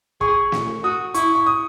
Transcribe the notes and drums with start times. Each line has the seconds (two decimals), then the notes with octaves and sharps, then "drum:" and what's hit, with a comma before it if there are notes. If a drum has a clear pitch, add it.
0.21 G#4 C#6, drum: kick
0.52 drum: snare
0.83 F#4 D#6
1.14 E4 C#6, drum: hi-hat
1.35 C#6
1.46 D#6